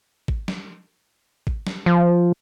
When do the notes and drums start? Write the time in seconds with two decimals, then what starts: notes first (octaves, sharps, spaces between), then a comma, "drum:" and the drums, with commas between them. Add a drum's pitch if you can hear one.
0.28 drum: kick G#1
0.48 drum: snare
1.47 drum: kick G#1
1.67 drum: snare
1.86 F3